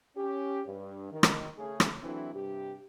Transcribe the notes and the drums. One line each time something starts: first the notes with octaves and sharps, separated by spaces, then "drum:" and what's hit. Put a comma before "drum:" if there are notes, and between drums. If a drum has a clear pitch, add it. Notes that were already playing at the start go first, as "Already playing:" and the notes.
C#4 G4
G2
D#3
drum: rim click
C#3 A3 C#4 G#4
drum: rim click
E3 F#3 A3 C4 D4 E4
G2 C3 G4